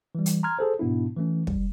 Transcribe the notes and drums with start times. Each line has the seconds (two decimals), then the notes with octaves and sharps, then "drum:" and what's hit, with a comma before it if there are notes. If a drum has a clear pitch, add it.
0.15 E3 G3
0.26 drum: hi-hat
0.43 A#5 C6 F6 G#6
0.59 G#4 A4 C5
0.79 G#2 B2 B3 D4 E4
1.17 E3 A3 C#4
1.47 G3, drum: kick